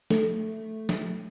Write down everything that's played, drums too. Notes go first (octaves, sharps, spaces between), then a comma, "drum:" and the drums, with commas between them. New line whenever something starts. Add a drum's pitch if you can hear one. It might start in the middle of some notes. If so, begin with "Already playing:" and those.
A3, drum: snare
drum: snare